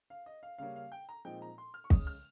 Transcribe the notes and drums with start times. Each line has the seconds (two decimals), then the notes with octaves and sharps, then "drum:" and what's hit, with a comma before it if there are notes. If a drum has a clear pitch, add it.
0.10 F5
0.26 D#5
0.43 F5
0.58 C#3 G3 A#3 C#4 F5
0.76 F5
0.92 G5
1.09 A#5
1.25 A#2 F3 G#3 C4 D#4 G5
1.42 A#5
1.58 C6
1.74 F6
1.84 C#6
1.90 C#3 G#3 C#4 D#6, drum: kick
2.07 F6